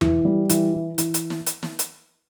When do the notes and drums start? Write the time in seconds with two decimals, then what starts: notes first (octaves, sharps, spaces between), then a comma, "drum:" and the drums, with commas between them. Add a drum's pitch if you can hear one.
0.01 E3, drum: tom E2
0.25 G3
0.49 E3, drum: hi-hat
0.73 E4
0.98 E3, drum: hi-hat
1.14 drum: hi-hat
1.30 drum: snare
1.46 drum: hi-hat
1.63 drum: snare
1.79 drum: hi-hat